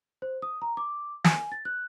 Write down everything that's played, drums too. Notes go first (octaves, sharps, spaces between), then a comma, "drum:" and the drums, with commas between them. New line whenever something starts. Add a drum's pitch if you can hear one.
C5
D#6
A#5
D6
G#5, drum: snare
A6
F#6